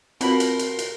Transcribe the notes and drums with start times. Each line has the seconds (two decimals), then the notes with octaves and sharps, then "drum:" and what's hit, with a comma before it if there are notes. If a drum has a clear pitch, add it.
0.21 B2 C4 F4 F#4 A#4 B5 C6, drum: hi-hat
0.40 drum: hi-hat
0.59 drum: hi-hat
0.79 drum: hi-hat